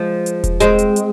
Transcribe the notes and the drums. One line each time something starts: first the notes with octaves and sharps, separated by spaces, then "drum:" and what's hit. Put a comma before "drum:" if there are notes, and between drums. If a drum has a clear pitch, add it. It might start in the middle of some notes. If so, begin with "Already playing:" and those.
Already playing: F3 G#3
drum: hi-hat
drum: kick E1, hi-hat
G#3 C4, drum: hi-hat
drum: hi-hat
drum: hi-hat